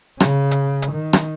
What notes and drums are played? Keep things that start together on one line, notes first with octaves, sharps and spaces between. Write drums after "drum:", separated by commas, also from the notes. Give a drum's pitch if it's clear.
C#3, drum: rim click
drum: hi-hat
drum: hi-hat
D#3
drum: rim click